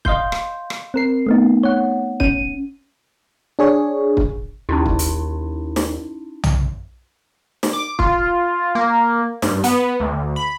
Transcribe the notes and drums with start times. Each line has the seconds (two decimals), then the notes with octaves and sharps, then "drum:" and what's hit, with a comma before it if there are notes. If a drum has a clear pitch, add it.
0.05 D#5 F5 C6 G6, drum: kick
0.32 drum: rim click
0.70 drum: rim click
0.94 C4 A#4 C7
1.27 A3 B3 D#4
1.63 C#5 F#5
2.20 C#4 D#7, drum: kick
3.59 D4 G#4 C#5
4.17 drum: kick
4.69 D#2 C#4 D#4 E4
4.86 drum: kick
4.99 drum: hi-hat
5.76 drum: snare
6.43 drum: tom
7.63 drum: snare
7.73 D6
7.99 F4, drum: kick
8.75 A#3
9.42 G2, drum: snare
9.64 B3, drum: hi-hat
10.00 D2
10.36 B5